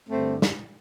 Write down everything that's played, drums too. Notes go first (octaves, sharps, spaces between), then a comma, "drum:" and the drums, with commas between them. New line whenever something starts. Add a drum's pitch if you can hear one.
G2 D3 A3 C4
drum: snare